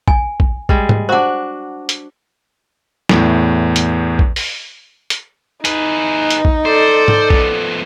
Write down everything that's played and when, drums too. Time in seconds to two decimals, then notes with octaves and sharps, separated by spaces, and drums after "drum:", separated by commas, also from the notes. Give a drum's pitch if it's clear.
0.08 G#5, drum: kick
0.40 drum: kick
0.69 G3 G#3, drum: kick
0.89 drum: tom
1.09 D4 F#4 C5 F#5
1.89 drum: hi-hat
3.09 E2 A2, drum: snare
3.76 drum: hi-hat
4.19 drum: kick
4.36 drum: open hi-hat
5.10 drum: hi-hat
5.65 D#4 G#4 B4, drum: hi-hat
6.30 drum: hi-hat
6.45 drum: kick
6.66 A4 C5 D5
7.08 drum: tom
7.30 F3 B3, drum: kick